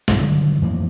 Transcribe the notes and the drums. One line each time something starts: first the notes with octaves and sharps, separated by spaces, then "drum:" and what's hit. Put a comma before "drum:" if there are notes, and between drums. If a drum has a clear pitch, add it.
B1 G2, drum: snare G#3
D3 D#3 F#3 G3
F2 A2 E3 A#3